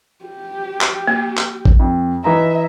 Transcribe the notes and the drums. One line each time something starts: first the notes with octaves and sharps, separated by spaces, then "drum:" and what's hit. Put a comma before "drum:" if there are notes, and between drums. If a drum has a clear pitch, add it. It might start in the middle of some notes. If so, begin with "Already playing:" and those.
G4
drum: clap
A#3
drum: clap
drum: kick A1
F2
E3 D#5 E5 A#5